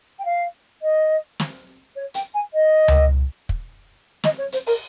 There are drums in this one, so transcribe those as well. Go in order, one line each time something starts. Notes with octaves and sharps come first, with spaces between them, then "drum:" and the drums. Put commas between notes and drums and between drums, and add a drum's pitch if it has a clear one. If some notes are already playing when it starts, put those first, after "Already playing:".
G5
F5
D#5
drum: snare
C#5
G5, drum: hi-hat
G#5
D#5
drum: tom C#2
drum: kick
D#5, drum: snare
C#5
C5, drum: hi-hat
A#4, drum: open hi-hat